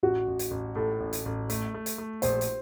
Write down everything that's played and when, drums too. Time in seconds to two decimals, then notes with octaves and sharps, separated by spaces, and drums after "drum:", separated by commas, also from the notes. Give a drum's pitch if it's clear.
0.03 A1 F#4
0.28 A1
0.39 drum: hi-hat
0.51 A1
0.75 A2 A4
1.00 A1
1.13 drum: hi-hat
1.25 A1
1.50 A3, drum: hi-hat
1.74 A3
1.86 drum: hi-hat
1.98 A3
2.22 A#1 C5, drum: hi-hat
2.41 drum: hi-hat